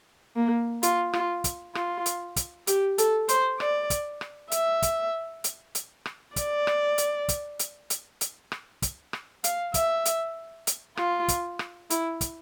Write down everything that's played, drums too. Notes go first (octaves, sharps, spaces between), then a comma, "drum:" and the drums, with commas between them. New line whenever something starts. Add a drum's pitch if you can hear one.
A#3
F4, drum: hi-hat
F4, drum: rim click
drum: kick, hi-hat
F4, drum: rim click
drum: hi-hat
drum: kick, hi-hat
G4, drum: hi-hat
A4, drum: hi-hat
C5, drum: hi-hat
D5, drum: rim click
drum: kick, hi-hat
drum: rim click
E5, drum: hi-hat
drum: kick, hi-hat
drum: hi-hat
drum: hi-hat
drum: rim click
D5, drum: kick, hi-hat
drum: rim click
drum: hi-hat
drum: kick, hi-hat
drum: hi-hat
drum: hi-hat
drum: hi-hat
drum: rim click
drum: kick, hi-hat
drum: rim click
F5, drum: hi-hat
E5, drum: kick, hi-hat
drum: hi-hat
drum: hi-hat
F4, drum: rim click
drum: kick, hi-hat
drum: rim click
E4, drum: hi-hat
drum: kick, hi-hat